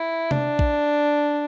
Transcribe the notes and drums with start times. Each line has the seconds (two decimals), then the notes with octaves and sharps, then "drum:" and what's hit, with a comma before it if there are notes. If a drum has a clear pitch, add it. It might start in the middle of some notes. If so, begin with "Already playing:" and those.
Already playing: E4
0.31 D4, drum: tom C3
0.59 drum: kick A#1